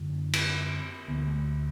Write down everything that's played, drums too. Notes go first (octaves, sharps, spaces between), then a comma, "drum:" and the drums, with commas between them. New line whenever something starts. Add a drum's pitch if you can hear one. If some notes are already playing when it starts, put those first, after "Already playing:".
Already playing: F#2 D3
D4
C4, drum: cymbal
D2 D3 B3
A3